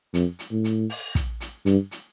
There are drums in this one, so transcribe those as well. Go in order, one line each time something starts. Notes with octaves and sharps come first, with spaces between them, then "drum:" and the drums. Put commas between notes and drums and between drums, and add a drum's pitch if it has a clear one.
F2, drum: hi-hat
drum: hi-hat
A2
drum: hi-hat
drum: open hi-hat
drum: kick, hi-hat
drum: hi-hat
G2, drum: hi-hat
drum: hi-hat